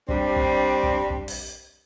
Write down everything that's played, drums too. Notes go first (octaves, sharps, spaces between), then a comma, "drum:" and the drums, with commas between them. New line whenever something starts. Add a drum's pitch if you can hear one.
G3 C4 D4, drum: kick
drum: kick
drum: kick
drum: kick
drum: open hi-hat